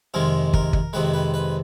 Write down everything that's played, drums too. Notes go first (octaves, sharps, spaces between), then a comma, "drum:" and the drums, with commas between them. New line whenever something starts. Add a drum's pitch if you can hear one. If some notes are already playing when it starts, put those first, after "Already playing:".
F2 C3 D#3 G#3 A#4
A#4, drum: kick
drum: kick
F2 C3 D#3 G#3 B4
B4
B4